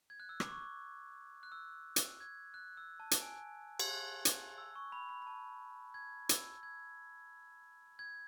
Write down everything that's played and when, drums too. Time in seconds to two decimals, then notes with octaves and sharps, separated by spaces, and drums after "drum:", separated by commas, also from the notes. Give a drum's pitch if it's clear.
0.10 G#6
0.20 F#6
0.29 E6
0.40 D6, drum: rim click
0.50 C#6
1.43 F#6
1.52 E6
1.96 drum: hi-hat
2.20 G#6
2.54 F#6
2.77 E6
3.00 A5
3.11 drum: hi-hat
3.22 G#5
3.80 G#6, drum: cymbal
3.91 F#6
4.25 drum: hi-hat
4.58 E6
4.76 C#6
4.92 B5
5.09 B5
5.22 B5
5.27 A5
5.94 G#6
6.29 E6, drum: hi-hat
6.63 G#6
7.99 G#6